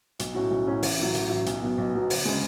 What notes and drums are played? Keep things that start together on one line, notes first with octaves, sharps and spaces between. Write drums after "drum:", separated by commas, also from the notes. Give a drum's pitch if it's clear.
B1, drum: hi-hat
A2 F#3 C#4 F#4
B1
A2 F#3 C#4 F#4
A1, drum: open hi-hat
A2 F#3
A1, drum: hi-hat
A2 F#3
B1, drum: hi-hat
B2 F#3 B3
B1
B2 F#3 B3
D2, drum: open hi-hat
C#3 G#3